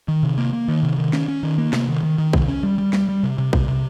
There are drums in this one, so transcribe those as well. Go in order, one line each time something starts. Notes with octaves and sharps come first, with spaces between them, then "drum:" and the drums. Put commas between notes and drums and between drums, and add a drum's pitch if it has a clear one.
D#3
C3
A#3
A#3
D#3
C3
D#3
C#4, drum: snare
C#4
D#3
A#3
C3, drum: snare
D#3
D#3
D#3
C3, drum: kick B1
C#4
G3
G3
G3, drum: snare
G3
C3
C3
C3, drum: kick B1
C3